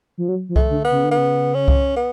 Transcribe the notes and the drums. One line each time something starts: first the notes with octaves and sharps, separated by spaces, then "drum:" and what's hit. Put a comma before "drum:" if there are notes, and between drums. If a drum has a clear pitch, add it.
F3
F#3
F3
A3, drum: kick C2
D3
B3
C#3
D3
B3
C#3
C#4
drum: kick C2
B3